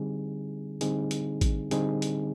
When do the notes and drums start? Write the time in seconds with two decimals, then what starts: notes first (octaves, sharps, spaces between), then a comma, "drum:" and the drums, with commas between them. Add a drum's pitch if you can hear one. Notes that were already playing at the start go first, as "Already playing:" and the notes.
Already playing: D3 G3 C4 D#4 G#4
0.81 D3 G3 C4 D#4 G#4, drum: hi-hat
1.11 drum: hi-hat
1.41 drum: kick A1, hi-hat
1.71 D3 G3 C4 D#4 G#4, drum: hi-hat
2.02 drum: hi-hat